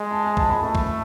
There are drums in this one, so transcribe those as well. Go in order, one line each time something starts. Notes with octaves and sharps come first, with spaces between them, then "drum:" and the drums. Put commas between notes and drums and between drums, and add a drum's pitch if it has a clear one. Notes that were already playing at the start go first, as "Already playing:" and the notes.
Already playing: G#3
A5
G#5
A5, drum: kick B1
B5
A3 A5
drum: kick B1